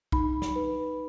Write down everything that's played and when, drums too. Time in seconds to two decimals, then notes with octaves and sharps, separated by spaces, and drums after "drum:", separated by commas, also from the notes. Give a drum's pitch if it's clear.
0.12 D#4 B5, drum: kick
0.42 drum: snare
0.56 B4